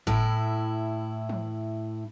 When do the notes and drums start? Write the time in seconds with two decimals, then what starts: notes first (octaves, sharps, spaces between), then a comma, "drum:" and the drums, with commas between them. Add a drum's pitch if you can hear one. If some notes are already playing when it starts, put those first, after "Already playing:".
0.07 A2 E4, drum: kick G1
1.29 drum: tom